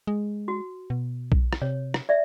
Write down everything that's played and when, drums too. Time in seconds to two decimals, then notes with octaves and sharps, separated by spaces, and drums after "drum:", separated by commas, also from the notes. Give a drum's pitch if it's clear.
0.07 G#3
0.48 F#4
0.90 B2
1.32 drum: kick B1
1.53 drum: rim click
1.62 C3 C#5
1.94 drum: rim click
2.09 D5 E5